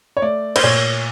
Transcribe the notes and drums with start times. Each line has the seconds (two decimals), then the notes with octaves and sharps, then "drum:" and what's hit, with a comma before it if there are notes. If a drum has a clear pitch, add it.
0.17 C#5
0.22 A3 D5
0.56 C5, drum: cymbal
0.63 A#2 C#5